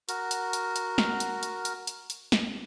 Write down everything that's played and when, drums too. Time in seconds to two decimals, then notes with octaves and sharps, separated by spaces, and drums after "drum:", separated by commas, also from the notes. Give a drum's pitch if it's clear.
0.09 F#4 A#4, drum: hi-hat
0.31 drum: hi-hat
0.53 drum: hi-hat
0.76 drum: hi-hat
0.98 drum: snare
1.20 drum: hi-hat
1.43 drum: hi-hat
1.65 drum: hi-hat
1.87 drum: hi-hat
2.10 drum: hi-hat
2.32 drum: snare